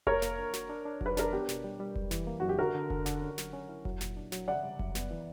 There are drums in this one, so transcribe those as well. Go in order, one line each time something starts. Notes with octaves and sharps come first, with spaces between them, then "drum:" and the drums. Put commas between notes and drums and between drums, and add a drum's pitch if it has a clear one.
A#3 A#4 C#5, drum: kick F1
A#3, drum: snare
D4
F#4, drum: snare
D4
D4
F#3, drum: kick F1
B4
D4 A#4, drum: snare
B3 G4
B2, drum: snare
G3
G3
F#2, drum: kick F1
E3, drum: snare
A#3
F#2 F#4
G4
D3 F#4 A#4
D3
D3, drum: kick F1
D3, drum: snare
C#4
F#3, drum: snare
C#4
E4
F#3, drum: kick F1
A#2, drum: snare
D4
F#3, drum: snare
C#3 D5 F#5
G3
F#2, drum: kick F1
B3, drum: snare
E3